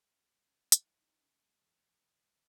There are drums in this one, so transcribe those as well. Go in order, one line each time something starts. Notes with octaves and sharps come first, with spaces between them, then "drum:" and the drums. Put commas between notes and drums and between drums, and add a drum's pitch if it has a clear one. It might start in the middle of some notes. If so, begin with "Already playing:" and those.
Already playing: A3 G#5
C#2
C#2
C#3
G#3
D#5, drum: hi-hat
F#2 E4
D#4
F#2
D#4
C#3 D#4
G#3
E2
E2
B2
G#3